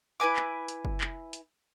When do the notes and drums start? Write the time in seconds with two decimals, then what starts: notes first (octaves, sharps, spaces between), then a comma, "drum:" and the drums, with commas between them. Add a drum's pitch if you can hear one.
0.20 E4 B4 G#5 D6
0.36 drum: clap
0.68 drum: hi-hat
0.85 drum: kick
1.01 drum: clap
1.33 drum: hi-hat